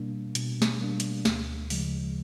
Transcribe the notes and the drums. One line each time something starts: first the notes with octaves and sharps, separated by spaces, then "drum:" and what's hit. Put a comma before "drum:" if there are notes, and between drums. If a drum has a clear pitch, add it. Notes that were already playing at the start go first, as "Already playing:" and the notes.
Already playing: B2 G3 A#3 D4
B2, drum: hi-hat
drum: snare
G3 A#3 D4
drum: hi-hat
D2, drum: snare
C#3 F3 G#3, drum: open hi-hat